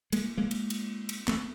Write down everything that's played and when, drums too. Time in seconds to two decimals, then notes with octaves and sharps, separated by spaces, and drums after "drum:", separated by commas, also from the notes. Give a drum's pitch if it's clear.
0.12 G#3 A#3, drum: cymbal
0.37 G#3 A#3
0.51 drum: cymbal
0.70 drum: cymbal
1.09 drum: cymbal
1.28 A3 B3, drum: clap